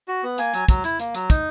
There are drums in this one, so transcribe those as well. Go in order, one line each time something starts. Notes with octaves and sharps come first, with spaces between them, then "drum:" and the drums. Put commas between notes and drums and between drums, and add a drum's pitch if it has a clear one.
F#4
B3
A#3 G#5, drum: hi-hat
F#3, drum: hi-hat
F#3, drum: kick, hi-hat
E4, drum: hi-hat
A#3, drum: hi-hat
F#3, drum: hi-hat
D#4, drum: kick, hi-hat